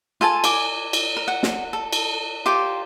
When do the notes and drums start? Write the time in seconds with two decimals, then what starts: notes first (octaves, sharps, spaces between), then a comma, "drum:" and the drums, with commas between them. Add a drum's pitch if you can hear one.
0.21 F4 A4 G#5 A5
0.44 G#5 D6, drum: cymbal
0.93 drum: cymbal
1.17 A#4
1.28 F#5
1.43 drum: snare
1.73 A4
1.93 drum: cymbal
2.46 F4 G4 D6